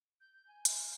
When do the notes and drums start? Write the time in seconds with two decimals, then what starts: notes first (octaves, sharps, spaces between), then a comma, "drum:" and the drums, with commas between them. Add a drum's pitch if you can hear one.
0.20 G6
0.33 G6
0.48 G#5
0.65 F5, drum: hi-hat